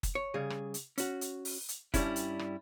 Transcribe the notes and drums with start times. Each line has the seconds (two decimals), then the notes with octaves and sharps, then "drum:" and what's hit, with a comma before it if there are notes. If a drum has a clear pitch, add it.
0.03 drum: kick, hi-hat
0.15 C#5
0.34 C#3 G3 G#4
0.50 drum: rim click
0.74 drum: hi-hat
0.98 C#4 F#4, drum: hi-hat
1.21 drum: hi-hat
1.45 drum: open hi-hat
1.69 drum: hi-hat
1.94 G2 F3 G3 C#4 D4 E4, drum: kick, hi-hat
2.16 drum: hi-hat
2.39 drum: rim click